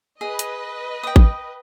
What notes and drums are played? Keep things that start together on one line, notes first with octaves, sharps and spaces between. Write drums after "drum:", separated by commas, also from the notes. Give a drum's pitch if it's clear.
G#4 B4 D#5
drum: hi-hat
G5 D#6
drum: kick A1